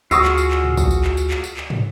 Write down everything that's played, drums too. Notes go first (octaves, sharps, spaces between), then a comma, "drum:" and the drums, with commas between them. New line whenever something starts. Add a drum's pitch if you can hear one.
D2 F4 F#4 G#4 C#6 D#6 E6, drum: tambourine
drum: clap
drum: tambourine
drum: clap
drum: tom
drum: kick A#1, tambourine
drum: tambourine
drum: clap
drum: tambourine
drum: clap
drum: tambourine
drum: clap
drum: tom